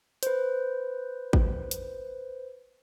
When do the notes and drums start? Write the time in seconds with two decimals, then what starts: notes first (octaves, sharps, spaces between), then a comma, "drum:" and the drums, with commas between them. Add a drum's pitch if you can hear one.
0.23 B4 C5, drum: hi-hat
1.33 drum: kick
1.71 drum: hi-hat